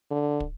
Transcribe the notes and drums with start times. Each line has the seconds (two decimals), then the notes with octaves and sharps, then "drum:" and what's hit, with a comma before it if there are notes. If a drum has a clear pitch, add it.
0.11 D3
0.40 drum: kick